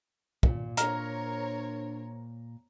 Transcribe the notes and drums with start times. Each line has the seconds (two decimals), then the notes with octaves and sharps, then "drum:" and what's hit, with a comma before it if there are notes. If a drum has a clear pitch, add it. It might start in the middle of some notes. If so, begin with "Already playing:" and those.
0.43 A#2, drum: kick
0.77 D4 A#4 C5 C#5 A#5 F6, drum: hi-hat